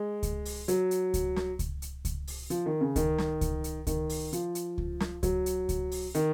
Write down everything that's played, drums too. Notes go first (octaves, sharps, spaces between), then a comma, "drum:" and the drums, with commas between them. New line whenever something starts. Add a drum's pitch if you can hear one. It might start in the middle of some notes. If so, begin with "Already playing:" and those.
Already playing: G#3
drum: kick C#2, hi-hat
drum: open hi-hat
F#3, drum: hi-hat
drum: hi-hat
drum: kick C#2, hi-hat
drum: snare
drum: kick C#2, hi-hat
drum: hi-hat
drum: kick C#2, hi-hat
drum: open hi-hat
F3, drum: hi-hat
D#3
C#3
D#3, drum: kick C#2, hi-hat
drum: snare
drum: kick C#2, hi-hat
drum: hi-hat
D#3, drum: kick C#2, hi-hat
drum: open hi-hat
F3, drum: hi-hat
drum: hi-hat
drum: kick C#2
drum: snare
F#3, drum: kick C#2, hi-hat
drum: hi-hat
drum: kick C#2, hi-hat
drum: open hi-hat
D#3, drum: hi-hat